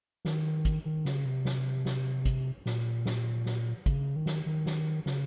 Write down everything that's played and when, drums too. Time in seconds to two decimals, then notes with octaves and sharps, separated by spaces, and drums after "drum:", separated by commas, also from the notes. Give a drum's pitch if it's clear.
0.25 D#3, drum: snare
0.65 drum: kick, hi-hat
0.85 D#3
1.05 C#3, drum: snare
1.25 C3
1.45 drum: snare
1.85 drum: snare
2.25 drum: kick, hi-hat
2.66 A#2, drum: snare
3.06 drum: snare
3.46 drum: snare
3.86 C#3, drum: kick, hi-hat
4.16 D#3
4.26 drum: snare
4.46 D#3
4.66 drum: snare
5.06 C#3, drum: snare